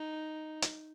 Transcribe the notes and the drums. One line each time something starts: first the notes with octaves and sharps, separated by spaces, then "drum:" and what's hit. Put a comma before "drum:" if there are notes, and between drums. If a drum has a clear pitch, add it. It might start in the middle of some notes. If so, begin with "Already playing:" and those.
Already playing: D#4
drum: hi-hat